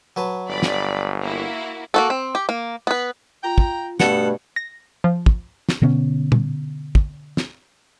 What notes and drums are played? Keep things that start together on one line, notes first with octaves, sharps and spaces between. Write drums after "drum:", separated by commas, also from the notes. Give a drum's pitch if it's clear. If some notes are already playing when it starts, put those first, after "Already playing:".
F#3 B4 A5
G1 D5 B5
drum: snare
A#3 E4 F#4
A#3 F#4 A4
C4
G4
A#3
B3 B4
F4 G5 A#5
drum: kick
G2 B2 A3 A4 F#5, drum: snare
A#6
F3
drum: kick
drum: snare
B2 D3 B3 C#4
drum: tom A#2
drum: kick
drum: snare